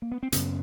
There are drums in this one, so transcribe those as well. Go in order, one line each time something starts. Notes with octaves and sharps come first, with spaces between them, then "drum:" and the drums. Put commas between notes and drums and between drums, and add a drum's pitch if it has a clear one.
A#3
B3
C4
F#2 C#3 B3 C#4, drum: hi-hat